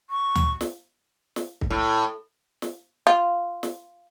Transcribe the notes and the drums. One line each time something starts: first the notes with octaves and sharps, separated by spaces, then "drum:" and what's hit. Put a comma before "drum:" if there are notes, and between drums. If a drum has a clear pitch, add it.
C#6
drum: tom D2
drum: snare
drum: snare
drum: kick
A2
drum: snare
F4
drum: snare